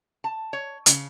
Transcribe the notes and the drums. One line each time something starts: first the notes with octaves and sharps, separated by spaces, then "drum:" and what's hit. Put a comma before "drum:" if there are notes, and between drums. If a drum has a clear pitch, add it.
A5
C#5
C#3, drum: hi-hat